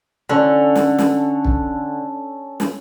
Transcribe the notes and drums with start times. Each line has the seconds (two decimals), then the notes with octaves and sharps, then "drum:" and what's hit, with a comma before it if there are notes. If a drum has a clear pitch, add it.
0.29 D3 C#4 A4
0.75 drum: snare
0.99 drum: snare
1.45 drum: kick
2.60 drum: snare